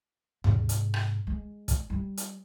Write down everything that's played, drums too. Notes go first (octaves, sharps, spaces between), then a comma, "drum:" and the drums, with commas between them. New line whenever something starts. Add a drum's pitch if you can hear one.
G#2 C3, drum: tom D#2
drum: hi-hat
drum: rim click
G#3
drum: kick, hi-hat
G3
drum: hi-hat